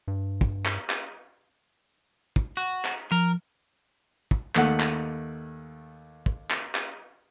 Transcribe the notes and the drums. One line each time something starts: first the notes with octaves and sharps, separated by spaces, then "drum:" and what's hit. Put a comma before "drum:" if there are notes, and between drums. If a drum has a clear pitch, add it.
G2
drum: kick
drum: clap
drum: clap
drum: kick
F#4
drum: clap
F3 A#4
drum: kick
D#2 A3 F#5, drum: clap
drum: clap
drum: kick
drum: clap
drum: clap